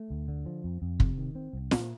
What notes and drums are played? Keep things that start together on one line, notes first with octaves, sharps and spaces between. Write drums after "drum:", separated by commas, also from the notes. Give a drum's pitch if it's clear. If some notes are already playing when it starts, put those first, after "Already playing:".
Already playing: A3
D2
D3
F3
F2
F2
C3, drum: kick
D#3
C4
C2
A#2, drum: snare